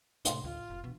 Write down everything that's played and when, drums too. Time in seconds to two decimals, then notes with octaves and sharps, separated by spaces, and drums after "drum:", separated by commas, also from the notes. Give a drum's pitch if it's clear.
0.25 C#2 A2 C3 C6, drum: hi-hat
0.44 A1 D2 D#4 F4
0.70 F1
0.84 B2 E3 D4